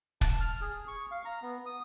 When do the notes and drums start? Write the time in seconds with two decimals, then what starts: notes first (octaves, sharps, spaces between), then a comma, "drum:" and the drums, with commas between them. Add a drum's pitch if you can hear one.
0.21 A5, drum: kick
0.40 F6
0.61 G#4
0.88 C#6
1.11 F5
1.25 A#5
1.42 B3
1.66 D#6